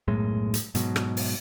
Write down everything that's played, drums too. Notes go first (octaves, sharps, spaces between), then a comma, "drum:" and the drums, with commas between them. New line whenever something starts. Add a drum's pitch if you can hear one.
B1 F#2 A2 G#3
drum: hi-hat
G#2 B2 F#3, drum: hi-hat
drum: rim click
drum: open hi-hat